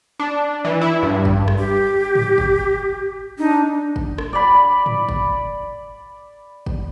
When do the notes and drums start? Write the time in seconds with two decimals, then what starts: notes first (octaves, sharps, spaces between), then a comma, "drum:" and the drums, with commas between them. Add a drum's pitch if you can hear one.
0.19 D4
0.65 E3
0.81 E4
1.03 G2
1.25 drum: kick
1.48 drum: rim click
1.58 G4
2.15 drum: tom G#2
2.38 drum: kick
3.38 D4 D#4
3.96 drum: kick
4.18 drum: rim click
4.33 D5 B5
4.86 drum: tom G#2
5.09 drum: kick
6.66 drum: kick